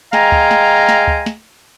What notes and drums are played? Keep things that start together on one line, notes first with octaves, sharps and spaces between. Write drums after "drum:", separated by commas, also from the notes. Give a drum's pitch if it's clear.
G#3 F5 G5 G#5 A#5, drum: snare
drum: kick C#2
drum: snare
drum: snare
drum: kick C#2
drum: snare